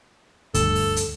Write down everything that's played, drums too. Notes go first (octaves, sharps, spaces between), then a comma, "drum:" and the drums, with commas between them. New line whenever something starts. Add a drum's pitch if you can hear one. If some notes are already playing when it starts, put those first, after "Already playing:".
D2 G2 A4, drum: kick D2, hi-hat
drum: open hi-hat
drum: hi-hat